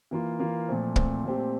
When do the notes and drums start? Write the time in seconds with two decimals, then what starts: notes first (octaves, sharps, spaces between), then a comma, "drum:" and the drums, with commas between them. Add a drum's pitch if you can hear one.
0.11 E3 A#3 F4
0.39 E3 A#3 F4
0.68 A#2 F3 A3 C4
0.96 A#2 F3 A3 C4, drum: kick
1.25 A#2 A3 C4 G4